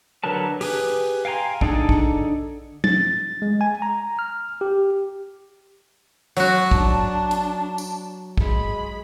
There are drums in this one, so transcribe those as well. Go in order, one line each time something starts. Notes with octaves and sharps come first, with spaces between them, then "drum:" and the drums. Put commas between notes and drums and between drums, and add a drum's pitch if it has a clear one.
D3 F#3 A#4 B4 A5
G4 G#4 B4, drum: open hi-hat
F5 G5 G#5 A#5 C6
D3 D4 D#4 G#4 A4, drum: kick
drum: kick
A6, drum: tom F#3
G#3
G#5
A#5
F6
G4
F#3 F#4, drum: open hi-hat
D4 A5, drum: kick
drum: hi-hat
drum: tambourine
G#3 B5, drum: kick